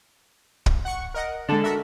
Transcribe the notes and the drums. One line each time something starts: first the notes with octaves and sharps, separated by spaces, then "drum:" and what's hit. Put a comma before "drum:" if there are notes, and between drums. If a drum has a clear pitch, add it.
drum: kick
F#5 C#6
A#4 D#5 F#5
D3 G#3 D4 A4
F#4 A#4 E5